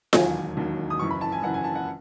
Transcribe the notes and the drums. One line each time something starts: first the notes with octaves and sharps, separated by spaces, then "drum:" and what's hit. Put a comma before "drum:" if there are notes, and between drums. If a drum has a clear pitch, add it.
E1 D#2 D#3 F#3 G#5, drum: snare F4
E1 D#2 D#3 F#3
D#6
F#1 F#2 E3 C#6
B5
A5
G#5
F#1 F#2 E3 F#5
G#5
A5
F#5